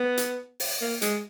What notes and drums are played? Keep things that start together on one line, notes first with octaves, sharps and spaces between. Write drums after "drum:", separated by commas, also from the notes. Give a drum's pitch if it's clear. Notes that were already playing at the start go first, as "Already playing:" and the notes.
Already playing: B3
drum: hi-hat
drum: open hi-hat
A#3
G#3, drum: hi-hat